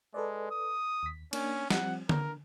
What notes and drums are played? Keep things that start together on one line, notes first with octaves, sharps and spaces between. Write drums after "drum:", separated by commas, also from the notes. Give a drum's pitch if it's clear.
G#3 A4 B4 D5
D#6
D#2 B6
A#3 C#4 D4, drum: cymbal
F3 G3 C4 F#5, drum: snare
D3 A#4, drum: tom D3